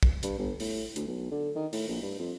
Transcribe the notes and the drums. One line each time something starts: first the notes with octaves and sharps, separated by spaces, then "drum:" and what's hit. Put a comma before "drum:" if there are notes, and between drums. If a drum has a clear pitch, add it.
drum: kick
G2, drum: hi-hat
G1
A2, drum: open hi-hat
D2, drum: hi-hat
B1
D3
D#3
A2, drum: open hi-hat
A#1
G2
F2